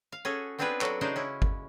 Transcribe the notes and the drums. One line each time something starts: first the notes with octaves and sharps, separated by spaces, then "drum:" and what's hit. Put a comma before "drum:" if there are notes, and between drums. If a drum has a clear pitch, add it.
F5
C#4 F#4 G#4 A4
B3 C4 D4 F4 G#4 B4
F#3 D4 F#4 A4, drum: clap
C#3 G#3 D4 D#4 C5
C#4 E4
drum: kick G1